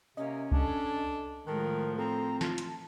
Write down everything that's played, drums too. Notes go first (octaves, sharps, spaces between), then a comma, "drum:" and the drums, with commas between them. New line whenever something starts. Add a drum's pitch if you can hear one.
C3 A#3 C#4 D#5
D4 A4, drum: kick C2
A2 D#3 F3 G#3 A#4 A5 F#6
C4 A4 A#5
F4 A5, drum: snare
drum: hi-hat